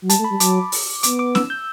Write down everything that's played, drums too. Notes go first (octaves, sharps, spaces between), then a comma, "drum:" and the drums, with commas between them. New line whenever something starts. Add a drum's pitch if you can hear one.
F#3
G3 A5, drum: hi-hat
A3
B5
G3
F#3 D6, drum: hi-hat
drum: open hi-hat
B3 D6, drum: hi-hat
D6
E6, drum: snare
G6